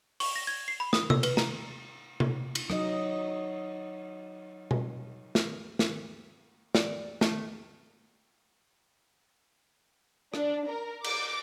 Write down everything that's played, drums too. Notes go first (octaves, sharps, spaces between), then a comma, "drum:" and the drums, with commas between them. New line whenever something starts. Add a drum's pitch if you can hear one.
C#6, drum: open hi-hat
A#6
G#6
C7
B5
D#6, drum: snare
E6, drum: tom C3
B4, drum: cymbal
A#5, drum: snare
drum: tom C3
drum: cymbal
F#3 D#4 D#5, drum: rim click
drum: tom B2
drum: snare
drum: snare
D5, drum: snare
A3, drum: snare
D4, drum: rim click
A#4
D6, drum: cymbal